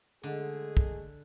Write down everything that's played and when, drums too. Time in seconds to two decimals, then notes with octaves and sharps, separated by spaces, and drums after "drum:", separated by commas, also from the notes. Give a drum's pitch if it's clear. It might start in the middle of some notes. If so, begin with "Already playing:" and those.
0.23 D3 G#3 A3 G#4
0.77 drum: kick